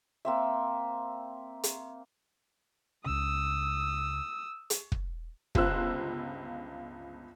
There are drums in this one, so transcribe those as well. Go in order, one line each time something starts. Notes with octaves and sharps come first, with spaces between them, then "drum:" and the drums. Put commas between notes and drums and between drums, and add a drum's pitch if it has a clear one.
A#3 C4 E5
drum: hi-hat
C#2 C#3 D#6 E6
drum: hi-hat
drum: kick
G1 C#2 F4 C5 E6 F#6, drum: kick